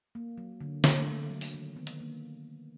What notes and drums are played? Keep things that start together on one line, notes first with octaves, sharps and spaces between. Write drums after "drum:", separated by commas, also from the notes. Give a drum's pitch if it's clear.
A#3
F#3
D3
D3 A#3, drum: snare
A3
F#3
drum: open hi-hat
D#3
D#3 B3
drum: hi-hat
A#3